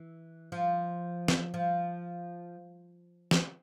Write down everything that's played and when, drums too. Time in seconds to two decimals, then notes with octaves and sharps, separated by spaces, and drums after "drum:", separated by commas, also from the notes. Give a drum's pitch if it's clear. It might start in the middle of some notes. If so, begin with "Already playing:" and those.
Already playing: E3
0.52 F3
1.28 drum: snare
1.54 F3
3.31 drum: snare